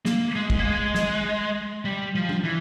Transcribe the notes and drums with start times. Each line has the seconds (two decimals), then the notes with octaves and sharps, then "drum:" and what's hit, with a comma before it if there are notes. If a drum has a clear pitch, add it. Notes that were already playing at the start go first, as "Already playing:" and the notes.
0.05 A#3, drum: snare
0.35 G#3
0.50 drum: kick
0.59 A#3
0.65 G#3
0.95 drum: snare
1.85 G3
2.15 F3
2.29 drum: tom F3
2.44 E3